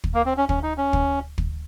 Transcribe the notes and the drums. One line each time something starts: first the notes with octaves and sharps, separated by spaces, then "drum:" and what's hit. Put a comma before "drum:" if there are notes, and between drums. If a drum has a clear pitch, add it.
drum: kick
A#3
C4
C#4
C#4, drum: kick
D#4
C#4
drum: kick
drum: kick